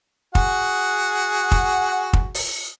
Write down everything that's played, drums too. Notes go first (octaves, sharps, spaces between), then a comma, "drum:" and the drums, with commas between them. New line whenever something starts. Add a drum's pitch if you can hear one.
F#4 G#4 F#5, drum: kick
drum: kick
drum: kick
drum: open hi-hat